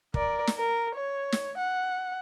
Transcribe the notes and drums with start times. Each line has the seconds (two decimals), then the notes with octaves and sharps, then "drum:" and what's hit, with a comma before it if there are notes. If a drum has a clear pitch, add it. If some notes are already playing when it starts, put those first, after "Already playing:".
0.14 A#4 D5, drum: kick
0.47 drum: snare
0.57 A#4
0.95 C#5
1.32 drum: snare
1.58 F#5